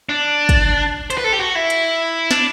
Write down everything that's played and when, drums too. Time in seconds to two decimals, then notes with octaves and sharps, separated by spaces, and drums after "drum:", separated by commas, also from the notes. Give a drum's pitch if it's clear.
0.09 D4
0.49 drum: kick, hi-hat
1.10 C5, drum: hi-hat
1.18 B4
1.24 A4
1.33 G4
1.39 F#4
1.55 E4
1.70 drum: hi-hat
2.31 D4, drum: snare